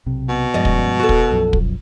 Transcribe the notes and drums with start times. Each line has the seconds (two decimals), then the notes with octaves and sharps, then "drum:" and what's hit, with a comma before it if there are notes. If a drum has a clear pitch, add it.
0.06 B1 C3
0.29 B2
0.54 G2 F3 G#3 C#4 D5 D#5
0.65 drum: kick
1.00 F#4 A4
1.09 drum: kick
1.30 B1 F#2 F3
1.53 drum: kick